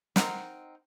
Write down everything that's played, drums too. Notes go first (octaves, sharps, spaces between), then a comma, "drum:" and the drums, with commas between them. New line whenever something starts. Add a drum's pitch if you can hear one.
C4 D#4 A#4 F#5, drum: snare